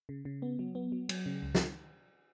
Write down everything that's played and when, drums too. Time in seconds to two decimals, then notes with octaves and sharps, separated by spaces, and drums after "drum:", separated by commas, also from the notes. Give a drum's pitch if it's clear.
0.09 C#3
0.25 C#3
0.42 B3
0.59 F#3
0.75 B3
0.92 F#3
1.09 F#3, drum: cymbal
1.26 C#3
1.42 C#2
1.55 drum: snare